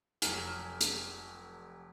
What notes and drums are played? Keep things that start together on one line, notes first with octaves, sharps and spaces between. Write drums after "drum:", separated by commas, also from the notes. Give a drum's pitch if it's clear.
F1 F#3 G#5 F6, drum: hi-hat
drum: hi-hat